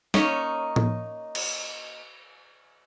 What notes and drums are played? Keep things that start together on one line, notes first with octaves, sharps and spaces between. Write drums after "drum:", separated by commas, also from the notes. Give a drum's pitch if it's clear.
A#3 C#4 D#4 C#5, drum: snare
drum: tom A2
drum: cymbal